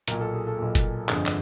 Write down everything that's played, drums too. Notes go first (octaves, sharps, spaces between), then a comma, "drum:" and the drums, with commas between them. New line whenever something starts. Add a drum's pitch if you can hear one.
B1 A#2 A#4, drum: hi-hat
A4
G#4
A4
B1 A#2
drum: kick, hi-hat
G1 F2 D3 G#4, drum: clap
drum: clap